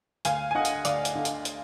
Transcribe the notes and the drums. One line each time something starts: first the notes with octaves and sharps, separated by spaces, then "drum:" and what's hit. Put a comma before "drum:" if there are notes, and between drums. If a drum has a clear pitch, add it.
D2 F5 G#5, drum: hi-hat
G#5
D3 D#5 F#5
drum: hi-hat
D2 D5 F5, drum: hi-hat
drum: hi-hat
D3
drum: hi-hat
drum: hi-hat